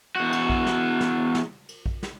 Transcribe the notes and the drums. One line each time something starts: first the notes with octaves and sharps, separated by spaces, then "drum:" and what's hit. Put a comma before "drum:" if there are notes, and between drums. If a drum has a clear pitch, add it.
E2 F#4
drum: cymbal
drum: kick A#1
drum: snare
drum: snare
drum: snare
drum: cymbal
drum: kick A#1
drum: snare